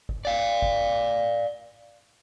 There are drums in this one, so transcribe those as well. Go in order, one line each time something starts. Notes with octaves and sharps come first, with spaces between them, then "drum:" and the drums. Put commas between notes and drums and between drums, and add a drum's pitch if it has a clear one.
drum: kick
D5 F5
drum: kick